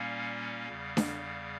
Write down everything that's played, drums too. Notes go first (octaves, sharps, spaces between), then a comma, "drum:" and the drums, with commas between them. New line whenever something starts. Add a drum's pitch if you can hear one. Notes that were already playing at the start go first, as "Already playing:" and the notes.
Already playing: A#2 G3 A#3 C#4 F5
E2 C#3 G3
drum: snare D4